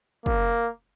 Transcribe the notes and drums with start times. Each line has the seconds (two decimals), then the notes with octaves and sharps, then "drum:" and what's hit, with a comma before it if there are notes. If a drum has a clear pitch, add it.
0.26 A#3, drum: kick